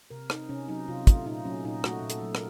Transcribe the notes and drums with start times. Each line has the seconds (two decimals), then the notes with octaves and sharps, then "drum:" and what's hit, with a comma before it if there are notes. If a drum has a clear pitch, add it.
0.10 C3 A#4
0.30 C4 D#4, drum: rim click
0.49 C3 C#4
0.68 F#3 D#4
0.88 C3 F4
1.07 A3 F4, drum: kick, hi-hat
1.26 A#2 D#4
1.45 F#3 C#4
1.65 A#2 D#4
1.84 A3 F#4, drum: rim click
2.02 A#2
2.10 A4, drum: hi-hat
2.22 F#3
2.35 A#4, drum: rim click